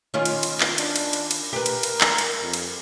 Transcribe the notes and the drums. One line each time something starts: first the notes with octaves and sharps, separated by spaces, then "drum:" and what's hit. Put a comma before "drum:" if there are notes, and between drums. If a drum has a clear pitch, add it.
D#3 C#4 F4
drum: cymbal
drum: cymbal
drum: clap
D4, drum: cymbal
drum: cymbal
drum: cymbal
drum: cymbal
G4 A#4 B4
drum: cymbal
drum: cymbal
drum: clap
drum: cymbal
F2
drum: cymbal